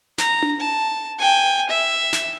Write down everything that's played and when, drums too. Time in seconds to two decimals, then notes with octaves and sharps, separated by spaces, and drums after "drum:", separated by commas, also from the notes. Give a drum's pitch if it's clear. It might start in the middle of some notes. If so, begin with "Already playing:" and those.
0.18 A#5, drum: snare
0.42 drum: tom D4
0.60 A5
1.19 G5 G#5
1.69 E5
2.13 drum: snare